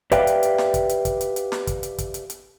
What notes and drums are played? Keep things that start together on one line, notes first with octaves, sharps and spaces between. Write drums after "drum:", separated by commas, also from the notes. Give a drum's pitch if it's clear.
G4 B4 D5 E5 F5 G5, drum: kick, hi-hat
drum: hi-hat
drum: hi-hat
drum: snare
drum: kick, hi-hat
drum: hi-hat
drum: kick, hi-hat
drum: hi-hat
drum: hi-hat
drum: snare
drum: kick, hi-hat
drum: hi-hat
drum: kick, hi-hat
drum: hi-hat
drum: hi-hat